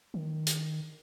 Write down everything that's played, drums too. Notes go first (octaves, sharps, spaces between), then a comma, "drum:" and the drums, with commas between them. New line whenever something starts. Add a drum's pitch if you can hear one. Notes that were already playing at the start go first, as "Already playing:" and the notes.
D#3
drum: hi-hat